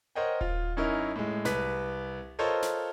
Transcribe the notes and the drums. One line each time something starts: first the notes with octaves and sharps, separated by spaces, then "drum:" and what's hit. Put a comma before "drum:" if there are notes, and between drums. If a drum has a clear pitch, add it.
A#4 C5 C#5 D#5 F#5 G5
F4, drum: kick D#1
F#2 C#4 D#4 E4 A#4
A2 G#3
C2 B4 B6, drum: snare
F4 A4 A#4 C5 C#5 D#5
drum: snare